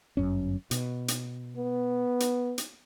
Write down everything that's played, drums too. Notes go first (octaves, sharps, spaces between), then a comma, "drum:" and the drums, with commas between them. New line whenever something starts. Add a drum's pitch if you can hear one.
G1 F#2 C#4
B2, drum: hi-hat
drum: hi-hat
B3
drum: hi-hat
drum: hi-hat